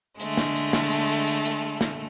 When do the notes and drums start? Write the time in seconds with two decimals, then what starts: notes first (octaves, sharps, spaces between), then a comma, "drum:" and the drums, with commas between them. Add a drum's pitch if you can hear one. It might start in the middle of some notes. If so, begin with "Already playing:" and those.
0.20 D3 G#3 A3, drum: hi-hat
0.37 drum: snare
0.55 drum: hi-hat
0.73 drum: snare
0.91 drum: hi-hat
1.09 drum: hi-hat
1.27 drum: hi-hat
1.45 drum: hi-hat
1.81 drum: snare